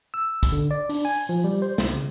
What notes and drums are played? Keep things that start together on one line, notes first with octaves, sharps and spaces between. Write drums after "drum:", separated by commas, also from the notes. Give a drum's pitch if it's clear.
E6
drum: kick, hi-hat
D3
D5
D4, drum: open hi-hat
G#5
F3
G3
C5
C2, drum: snare
C#3